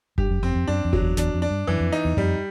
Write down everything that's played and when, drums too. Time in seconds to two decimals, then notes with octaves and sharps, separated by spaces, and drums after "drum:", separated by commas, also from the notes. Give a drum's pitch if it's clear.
0.18 G2 G4, drum: kick F#1
0.30 F#2
0.43 F2 C4
0.55 F2
0.68 F#2 D4
0.85 F2
0.93 F#3, drum: kick F#1
1.01 E2
1.17 E2 D4, drum: snare
1.35 F2
1.42 D4
1.51 G2
1.67 F#2 E3
1.80 F2
1.92 D#4
2.05 E2
2.17 F2 G3, drum: tom F#2